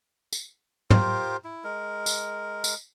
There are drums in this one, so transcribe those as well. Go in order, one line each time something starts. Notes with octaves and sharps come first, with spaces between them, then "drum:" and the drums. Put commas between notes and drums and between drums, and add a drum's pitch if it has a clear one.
drum: tambourine
F4 G4 A#4 C5, drum: tom
E4
G#3 A#4
drum: tambourine
drum: tambourine